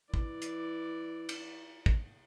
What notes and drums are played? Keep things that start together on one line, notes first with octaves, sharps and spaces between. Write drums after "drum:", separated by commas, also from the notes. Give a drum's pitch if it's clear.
E3 D5, drum: kick
drum: hi-hat
drum: cymbal
drum: kick